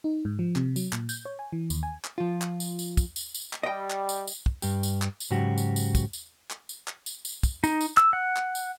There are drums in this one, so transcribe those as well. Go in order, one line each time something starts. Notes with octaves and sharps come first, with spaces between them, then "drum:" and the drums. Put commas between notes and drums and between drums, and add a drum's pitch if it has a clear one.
D#4
G#2
F3
C3, drum: clap
F#3, drum: tambourine
A#2, drum: clap
G6, drum: tambourine
C#5
G#5
E3
D#2, drum: tambourine
G#5
drum: clap
F3 F4
drum: clap
drum: tambourine
drum: tambourine
drum: kick, tambourine
drum: tambourine
drum: tambourine
drum: clap
G3 D#5 G5
drum: clap
drum: tambourine
drum: tambourine
drum: kick
G2 G4, drum: tambourine
drum: tambourine
drum: clap
drum: tambourine
G#2 C#3 F#3 F#4 G4
drum: tambourine
drum: tambourine
drum: kick, tambourine
drum: tambourine
drum: clap
drum: tambourine
drum: clap
drum: tambourine
drum: tambourine
drum: kick, tambourine
D#4, drum: tambourine
drum: tambourine
E6, drum: clap
F#5
drum: clap
drum: tambourine